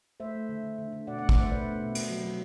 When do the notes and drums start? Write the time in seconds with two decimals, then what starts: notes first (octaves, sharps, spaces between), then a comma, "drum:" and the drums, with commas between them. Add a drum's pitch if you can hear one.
0.20 A3 C5 E5
0.35 A3
0.49 D3
0.64 D3
0.78 D3
0.92 D3
1.07 B2 D5 F#5
1.19 D5 F#5
1.22 A3
1.29 D5 F#5, drum: kick
1.37 A3 C5 E5
1.51 B2 B4 D5
1.66 A3
1.81 B2
1.95 C3, drum: cymbal
2.10 F#3
2.24 F#3